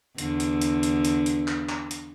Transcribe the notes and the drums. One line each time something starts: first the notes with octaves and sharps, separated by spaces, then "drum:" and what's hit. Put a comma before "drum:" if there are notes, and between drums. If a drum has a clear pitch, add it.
E2 D3, drum: hi-hat
drum: hi-hat
drum: hi-hat
drum: hi-hat
drum: hi-hat
drum: hi-hat
drum: clap
drum: clap
drum: hi-hat